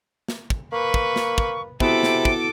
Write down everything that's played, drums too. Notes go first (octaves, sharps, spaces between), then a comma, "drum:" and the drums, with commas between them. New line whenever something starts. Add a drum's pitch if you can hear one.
drum: snare
drum: kick
A#3 B4 C#6
drum: kick
drum: snare
drum: kick
C3 B3 E4 F#4 A4 B5 D6, drum: kick
drum: snare
drum: kick